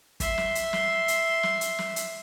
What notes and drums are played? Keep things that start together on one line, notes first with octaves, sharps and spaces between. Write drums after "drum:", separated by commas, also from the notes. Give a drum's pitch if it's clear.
E5 C6, drum: kick, hi-hat
drum: snare
drum: hi-hat
drum: snare
drum: hi-hat
drum: snare
drum: hi-hat
drum: snare
drum: hi-hat